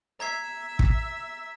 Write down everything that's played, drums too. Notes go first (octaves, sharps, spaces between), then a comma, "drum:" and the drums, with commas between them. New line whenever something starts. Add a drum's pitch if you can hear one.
E5 A#5 G#6 C7
drum: kick